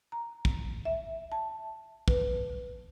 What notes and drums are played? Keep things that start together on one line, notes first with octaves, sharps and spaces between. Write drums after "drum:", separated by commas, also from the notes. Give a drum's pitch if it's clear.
A#5
drum: kick
E5
A5
B4, drum: kick